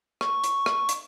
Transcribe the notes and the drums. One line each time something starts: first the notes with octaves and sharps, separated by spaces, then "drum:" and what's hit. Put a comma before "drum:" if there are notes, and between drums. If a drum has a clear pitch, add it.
C#6, drum: rim click
drum: hi-hat
drum: rim click
drum: hi-hat